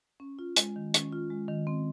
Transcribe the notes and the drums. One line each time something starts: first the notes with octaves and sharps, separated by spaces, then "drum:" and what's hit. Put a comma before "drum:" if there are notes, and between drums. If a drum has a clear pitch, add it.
C#4
F4
G#3, drum: hi-hat
D#3
C#4, drum: hi-hat
F4
G#3
D#3
C4